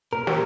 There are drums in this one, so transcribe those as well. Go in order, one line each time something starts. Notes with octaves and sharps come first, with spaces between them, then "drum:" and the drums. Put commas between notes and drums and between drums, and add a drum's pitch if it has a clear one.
A#2 A#4
G4, drum: snare